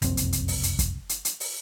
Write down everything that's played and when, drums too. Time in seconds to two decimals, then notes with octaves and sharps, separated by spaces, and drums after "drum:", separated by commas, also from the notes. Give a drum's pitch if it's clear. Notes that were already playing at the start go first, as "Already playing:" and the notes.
0.02 F#1 C2 F2 C4, drum: hi-hat
0.17 drum: hi-hat
0.33 drum: hi-hat
0.48 drum: open hi-hat
0.63 drum: hi-hat
0.79 drum: kick, hi-hat
1.09 drum: hi-hat
1.25 drum: hi-hat
1.40 drum: open hi-hat